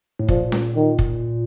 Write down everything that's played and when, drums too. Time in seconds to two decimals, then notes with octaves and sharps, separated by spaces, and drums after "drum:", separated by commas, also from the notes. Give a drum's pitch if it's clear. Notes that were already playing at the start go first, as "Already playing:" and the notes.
0.19 A2
0.29 A#2 F3, drum: kick
0.52 drum: snare C#4
0.76 D#3
0.99 drum: kick